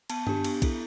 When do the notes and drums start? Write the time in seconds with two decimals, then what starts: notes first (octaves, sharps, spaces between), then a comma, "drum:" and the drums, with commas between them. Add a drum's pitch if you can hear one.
0.10 B3 A5, drum: cymbal
0.27 D4 G4, drum: tom G2
0.44 B3, drum: cymbal
0.62 E4 A4, drum: kick, cymbal